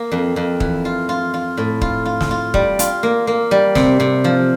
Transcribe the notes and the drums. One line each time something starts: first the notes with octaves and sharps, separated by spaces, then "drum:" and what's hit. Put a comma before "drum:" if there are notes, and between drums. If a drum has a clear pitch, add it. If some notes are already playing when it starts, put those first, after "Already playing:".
Already playing: A#3
F2
F2
E3, drum: kick
F4
F4
F4
A2
F4, drum: kick
F4
drum: snare
F4
G3, drum: kick
F4, drum: hi-hat
A#3
A#3
G3
C3, drum: snare
C3
F3